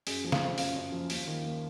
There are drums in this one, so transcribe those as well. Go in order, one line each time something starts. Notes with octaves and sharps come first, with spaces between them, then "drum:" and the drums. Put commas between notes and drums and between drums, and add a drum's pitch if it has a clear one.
F#2 G#4, drum: open hi-hat
F3
F5, drum: snare
C4
F#2 F5, drum: open hi-hat
F#2
F3
D#2, drum: open hi-hat
D#3
A#3